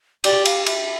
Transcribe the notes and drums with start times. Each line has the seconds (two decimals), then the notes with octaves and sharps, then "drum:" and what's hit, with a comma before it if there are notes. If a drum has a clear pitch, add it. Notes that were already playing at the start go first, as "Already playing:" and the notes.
0.24 G4 D5, drum: cymbal
0.45 F5, drum: cymbal
0.66 E5, drum: cymbal